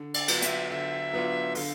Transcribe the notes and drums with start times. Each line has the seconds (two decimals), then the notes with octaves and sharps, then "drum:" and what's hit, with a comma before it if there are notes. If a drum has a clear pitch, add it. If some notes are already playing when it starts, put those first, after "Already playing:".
Already playing: D3
0.14 D5, drum: cymbal
0.28 F#3 B3 D4 F4, drum: cymbal
0.42 E5, drum: hi-hat
0.71 D3 E5
1.13 F#3 B3 D4 F4
1.55 D3 F5, drum: open hi-hat